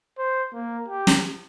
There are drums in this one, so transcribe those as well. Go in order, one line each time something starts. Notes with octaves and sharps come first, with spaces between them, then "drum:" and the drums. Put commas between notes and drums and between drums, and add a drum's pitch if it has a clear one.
C5
A#3
G4
drum: snare